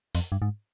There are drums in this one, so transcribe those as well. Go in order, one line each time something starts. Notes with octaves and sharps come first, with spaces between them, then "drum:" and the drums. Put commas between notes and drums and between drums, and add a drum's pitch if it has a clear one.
F2, drum: open hi-hat
G2
G#2